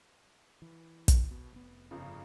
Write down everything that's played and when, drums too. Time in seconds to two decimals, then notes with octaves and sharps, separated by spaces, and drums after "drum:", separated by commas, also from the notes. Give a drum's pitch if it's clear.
0.62 E3
1.08 drum: kick, hi-hat
1.31 B2
1.53 F1 B3
1.91 G1 C#3 F3